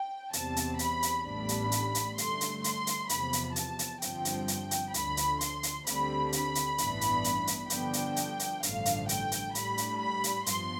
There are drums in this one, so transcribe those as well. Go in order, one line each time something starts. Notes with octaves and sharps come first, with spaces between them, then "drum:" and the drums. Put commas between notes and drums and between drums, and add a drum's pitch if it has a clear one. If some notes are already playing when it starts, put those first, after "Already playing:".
Already playing: G5
E2 C3 G3 C4 A5, drum: hi-hat
drum: hi-hat
B5, drum: hi-hat
drum: hi-hat
A1 A2 G3 B3 D4 B5
drum: hi-hat
drum: hi-hat
drum: hi-hat
G2 D3 A3 C6, drum: hi-hat
drum: hi-hat
C6, drum: hi-hat
drum: hi-hat
E2 C3 F3 B3 B5, drum: hi-hat
drum: hi-hat
A5, drum: hi-hat
drum: hi-hat
G1 G2 F3 C4 G5, drum: hi-hat
drum: hi-hat
drum: hi-hat
drum: hi-hat
D2 D3 F3 B5, drum: hi-hat
drum: hi-hat
C6, drum: hi-hat
drum: hi-hat
D2 D3 G3 C4 B5, drum: hi-hat
B5, drum: hi-hat
drum: hi-hat
A1 G2 E3 B3 D4, drum: hi-hat
drum: hi-hat
drum: hi-hat
drum: hi-hat
G2 D3 F3 B3 D4 G5, drum: hi-hat
drum: hi-hat
drum: hi-hat
drum: hi-hat
A1 G2 D3 F3 A3 F5, drum: hi-hat
drum: hi-hat
G5, drum: hi-hat
drum: hi-hat
A2 G3 D4 B5, drum: hi-hat
drum: hi-hat
B5
drum: hi-hat
G2 F3 B3 C6, drum: hi-hat